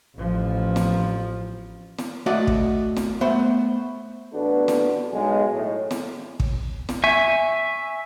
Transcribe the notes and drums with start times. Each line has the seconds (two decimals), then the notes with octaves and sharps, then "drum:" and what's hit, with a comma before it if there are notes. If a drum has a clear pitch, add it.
0.16 A1 F3
0.76 drum: snare
1.98 drum: snare
2.26 A3 F#4 D5 D#5
2.47 drum: kick
2.96 drum: snare
3.21 A3 B3 C5
4.34 A1 B3 D4 F#4 A4 B4
4.68 drum: snare
5.12 B1 G#3
5.52 A2
5.91 drum: snare
6.40 drum: kick
6.89 drum: snare
7.04 E5 G#5 C#6